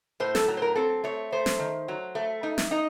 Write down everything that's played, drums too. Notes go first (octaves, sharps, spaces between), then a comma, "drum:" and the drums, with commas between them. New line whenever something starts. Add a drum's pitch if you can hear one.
A2 C5
A4, drum: snare
F#3
C5
A#4
C4 A4
A3 C#5
A3 C5
drum: snare
D#3
F#3
A3
D#4
drum: snare
D#4 D#5